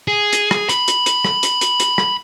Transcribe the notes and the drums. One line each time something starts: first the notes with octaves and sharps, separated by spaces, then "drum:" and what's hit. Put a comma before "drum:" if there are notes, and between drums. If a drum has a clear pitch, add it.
G#4
drum: hi-hat
drum: rim click
B5, drum: hi-hat
drum: hi-hat
drum: hi-hat
drum: rim click
drum: hi-hat
drum: hi-hat
drum: hi-hat
drum: rim click